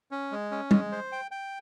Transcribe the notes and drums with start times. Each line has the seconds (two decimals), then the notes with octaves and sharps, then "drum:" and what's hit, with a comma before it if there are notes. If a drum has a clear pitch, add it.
0.11 C#4
0.32 G#3
0.51 C#4
0.71 G#3, drum: tom G3
0.92 C5
1.12 G5
1.31 G5